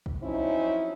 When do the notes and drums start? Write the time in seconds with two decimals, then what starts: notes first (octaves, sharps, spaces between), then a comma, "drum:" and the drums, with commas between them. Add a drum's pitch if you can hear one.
0.06 drum: kick
0.23 F3 F#3 C4 C#4 D#4 E4